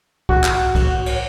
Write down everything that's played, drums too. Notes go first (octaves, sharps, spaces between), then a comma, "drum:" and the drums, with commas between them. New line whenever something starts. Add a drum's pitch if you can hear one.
F#4, drum: kick
drum: clap
drum: kick, cymbal
drum: cymbal